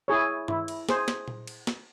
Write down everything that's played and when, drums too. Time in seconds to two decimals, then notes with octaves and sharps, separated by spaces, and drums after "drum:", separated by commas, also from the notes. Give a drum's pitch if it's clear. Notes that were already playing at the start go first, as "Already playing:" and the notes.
0.08 E4 G#4 C#5
0.48 E4, drum: tom G2
0.68 drum: cymbal
0.89 G#4 C5, drum: snare
1.08 drum: snare
1.28 drum: tom A#2
1.47 drum: cymbal
1.67 drum: snare